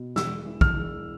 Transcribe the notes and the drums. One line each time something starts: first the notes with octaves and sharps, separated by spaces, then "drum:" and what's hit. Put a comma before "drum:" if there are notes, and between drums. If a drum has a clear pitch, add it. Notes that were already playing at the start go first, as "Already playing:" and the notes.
Already playing: B2
E1 E6, drum: snare
E3
F6, drum: kick
E1